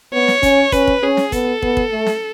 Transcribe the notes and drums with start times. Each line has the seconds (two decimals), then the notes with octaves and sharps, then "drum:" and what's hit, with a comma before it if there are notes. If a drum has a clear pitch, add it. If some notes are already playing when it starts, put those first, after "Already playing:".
0.13 B3 C#5
0.28 drum: snare
0.43 C#4, drum: kick, hi-hat
0.72 C#4 B4, drum: kick, hi-hat
0.87 drum: kick
1.03 C#4 G#4
1.17 drum: snare
1.32 B3 A4, drum: kick, hi-hat
1.62 B3, drum: kick
1.77 drum: kick
1.92 A3
2.06 drum: snare